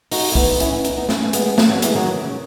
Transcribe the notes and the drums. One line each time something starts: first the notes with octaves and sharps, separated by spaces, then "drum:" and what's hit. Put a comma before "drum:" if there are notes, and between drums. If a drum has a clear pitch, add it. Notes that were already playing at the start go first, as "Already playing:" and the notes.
D#4 F#4, drum: open hi-hat
E4
B3 D#4, drum: kick
C#4 E4, drum: hi-hat
C#4 E4
B3 D#4, drum: hi-hat
B3 D#4
A3 C#4, drum: snare
G#3 B3, drum: hi-hat
B3
A3 C#4, drum: snare
F#3 A3
E3 G#3, drum: hi-hat
D#3 F#3
C#3